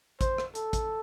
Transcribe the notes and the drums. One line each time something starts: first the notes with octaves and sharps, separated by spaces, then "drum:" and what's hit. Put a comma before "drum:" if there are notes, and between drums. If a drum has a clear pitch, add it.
C5, drum: kick A1, hi-hat
drum: rim click
A4, drum: hi-hat
drum: kick A1, hi-hat